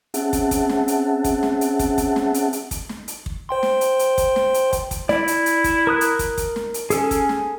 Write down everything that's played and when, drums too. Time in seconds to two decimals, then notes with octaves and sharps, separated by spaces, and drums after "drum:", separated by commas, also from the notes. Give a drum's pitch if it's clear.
0.14 C4 C#4 G#4 E5 F#5 A5, drum: hi-hat
0.33 drum: kick, hi-hat
0.51 drum: kick, hi-hat
0.69 drum: snare
0.88 drum: hi-hat
1.24 drum: kick, hi-hat
1.43 drum: snare
1.61 drum: hi-hat
1.79 drum: kick, hi-hat
1.98 drum: kick, hi-hat
2.16 drum: snare
2.34 drum: hi-hat
2.53 drum: hi-hat
2.71 drum: kick, hi-hat
2.89 drum: snare
3.08 drum: hi-hat
3.26 drum: kick
3.49 C5 G5 C6
3.63 drum: snare
3.81 drum: hi-hat
3.99 drum: hi-hat
4.18 drum: kick, hi-hat
4.36 drum: snare
4.54 drum: hi-hat
4.73 drum: kick, hi-hat
4.91 drum: kick, hi-hat
5.09 E4 D5, drum: snare
5.28 drum: hi-hat
5.46 drum: hi-hat
5.64 drum: kick, hi-hat
5.87 A#4 D#6 F#6
6.01 drum: hi-hat
6.19 drum: kick, hi-hat
6.38 drum: kick, hi-hat
6.56 drum: snare
6.74 drum: hi-hat
6.90 C#4 G#4 A4 G#5, drum: hi-hat
7.11 drum: kick, hi-hat
7.29 drum: snare